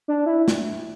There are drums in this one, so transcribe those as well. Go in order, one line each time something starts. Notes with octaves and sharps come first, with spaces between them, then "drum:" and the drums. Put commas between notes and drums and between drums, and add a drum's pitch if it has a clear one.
D4
E4
drum: snare